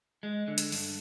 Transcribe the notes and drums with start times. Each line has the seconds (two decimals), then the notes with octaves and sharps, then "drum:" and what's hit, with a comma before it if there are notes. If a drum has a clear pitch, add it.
0.23 G#3
0.48 D3
0.58 drum: hi-hat
0.72 G2, drum: open hi-hat